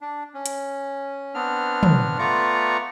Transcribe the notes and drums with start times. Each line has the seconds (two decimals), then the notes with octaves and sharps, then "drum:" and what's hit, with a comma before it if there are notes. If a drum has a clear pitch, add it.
0.01 D4
0.34 C#4
0.46 drum: hi-hat
1.34 B3 C4 D4 F6
1.83 drum: tom
2.19 A3 B3 F4 D5 A#5 C#6